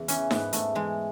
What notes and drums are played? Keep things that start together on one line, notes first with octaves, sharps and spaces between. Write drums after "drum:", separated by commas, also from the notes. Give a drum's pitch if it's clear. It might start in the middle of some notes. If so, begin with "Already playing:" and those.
Already playing: E2 C#3 E4
E3 C#4, drum: hi-hat
G#2 B3, drum: snare D#4
G#2 A3, drum: hi-hat
E3 G#3